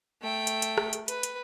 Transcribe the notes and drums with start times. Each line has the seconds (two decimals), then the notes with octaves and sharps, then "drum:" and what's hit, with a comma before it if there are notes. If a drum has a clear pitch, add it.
0.22 A3 G5
0.47 drum: hi-hat
0.62 drum: hi-hat
0.78 drum: rim click
0.93 drum: hi-hat
1.08 B4, drum: hi-hat
1.23 drum: hi-hat